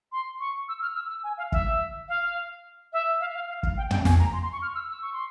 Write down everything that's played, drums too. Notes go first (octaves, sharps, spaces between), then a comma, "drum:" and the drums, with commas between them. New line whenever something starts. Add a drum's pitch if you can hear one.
C6
C#6
E6
F6
E6
E6
G#5
F5
E5, drum: kick
F5
E5
F5
F5
F5
F5, drum: kick
G5
G5, drum: tom
G#5, drum: snare
A#5
C6
C6
C#6
F6
E6
E6
C#6
C6